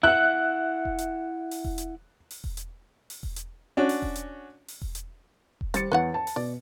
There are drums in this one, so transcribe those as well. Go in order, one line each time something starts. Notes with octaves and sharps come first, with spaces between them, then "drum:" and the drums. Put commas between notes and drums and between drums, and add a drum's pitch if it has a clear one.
E4 E5 F#5 F#6
drum: kick E1
drum: hi-hat
drum: open hi-hat
drum: kick E1
drum: hi-hat
drum: open hi-hat
drum: kick E1
drum: hi-hat
drum: open hi-hat
drum: kick E1
drum: hi-hat
C#4 D4 F#4
drum: open hi-hat
drum: kick E1
drum: hi-hat
drum: open hi-hat
drum: kick E1
drum: hi-hat
drum: kick E1
G3 C5 A6 C#7, drum: hi-hat
E2 B4 C#5 F#5
A5
drum: open hi-hat
B2 D5